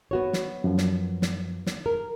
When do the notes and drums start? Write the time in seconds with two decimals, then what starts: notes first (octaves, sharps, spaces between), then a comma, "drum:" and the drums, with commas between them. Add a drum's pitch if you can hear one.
0.11 B3 F#4 C#5
0.33 drum: snare
0.64 F#2 F3
0.78 drum: snare
1.22 drum: snare
1.66 drum: snare
1.86 A#4